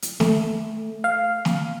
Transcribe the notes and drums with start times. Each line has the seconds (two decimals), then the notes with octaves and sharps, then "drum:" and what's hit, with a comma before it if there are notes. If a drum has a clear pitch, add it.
0.02 drum: hi-hat
0.20 A3, drum: snare
1.04 F5
1.45 drum: snare